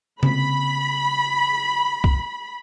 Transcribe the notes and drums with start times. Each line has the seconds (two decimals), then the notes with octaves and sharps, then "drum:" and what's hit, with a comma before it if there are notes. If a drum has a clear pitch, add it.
0.23 C#3 A#3 C4 B5, drum: tom C3
2.04 drum: kick